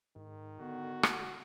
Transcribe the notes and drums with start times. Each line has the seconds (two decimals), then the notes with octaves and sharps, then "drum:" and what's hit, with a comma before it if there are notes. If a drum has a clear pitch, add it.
0.16 G#2 D#3
0.60 D3 B3 F#4
1.03 drum: rim click